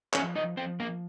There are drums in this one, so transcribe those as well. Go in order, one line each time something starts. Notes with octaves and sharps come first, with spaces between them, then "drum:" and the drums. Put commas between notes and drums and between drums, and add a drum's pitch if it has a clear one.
F3 C#4 C#5, drum: clap
D#4 D#5
F3 C4 C5
A#3 A#4